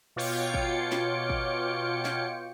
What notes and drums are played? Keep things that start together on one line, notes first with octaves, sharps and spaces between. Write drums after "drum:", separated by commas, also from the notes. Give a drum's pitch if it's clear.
B2 F4 C#5 G5 D6 C#7
drum: kick
drum: snare
drum: kick
drum: snare